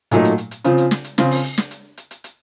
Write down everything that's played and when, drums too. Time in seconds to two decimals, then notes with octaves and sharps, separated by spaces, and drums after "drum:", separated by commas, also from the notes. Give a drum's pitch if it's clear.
0.11 A#2 F#3 A3 D#4, drum: hi-hat
0.25 drum: hi-hat
0.38 drum: hi-hat
0.51 drum: hi-hat
0.64 C#3 F3 C4 F4, drum: hi-hat
0.78 drum: hi-hat
0.91 drum: snare
1.04 drum: hi-hat
1.18 C#3 F3 C4 F4, drum: snare
1.31 drum: open hi-hat
1.44 drum: hi-hat
1.58 drum: snare
1.71 drum: hi-hat
1.97 drum: hi-hat
2.11 drum: hi-hat
2.24 drum: hi-hat